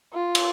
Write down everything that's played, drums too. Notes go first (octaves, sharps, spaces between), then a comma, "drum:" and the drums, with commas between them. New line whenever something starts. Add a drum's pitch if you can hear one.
F4
drum: cymbal